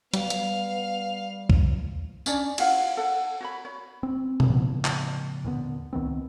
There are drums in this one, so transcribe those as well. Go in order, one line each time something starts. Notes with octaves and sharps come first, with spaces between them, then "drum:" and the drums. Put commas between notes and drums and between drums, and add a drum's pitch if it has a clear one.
G3 B3 F5, drum: hi-hat
drum: hi-hat
drum: kick
C#4 D4 C#5 D5, drum: tambourine
E4 F4 F5 F#5, drum: cymbal
A4 F#5
F#4 C#5 B5
C#5
C4
drum: tom B2
A2 C#3 F3 B3
drum: clap
D#2 A#2 D3 B3
C#2 D#3 B3 C4